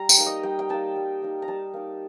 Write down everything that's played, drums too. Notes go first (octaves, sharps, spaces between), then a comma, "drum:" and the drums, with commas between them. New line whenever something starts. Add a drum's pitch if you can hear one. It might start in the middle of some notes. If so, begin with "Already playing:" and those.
Already playing: G3 A#5
G5, drum: tambourine
A#3 D#4
D#5
G3 G5
G5
A#3 D#4 A5
G3
A#3 D#4
A#5
G3 A5
A#3 D#4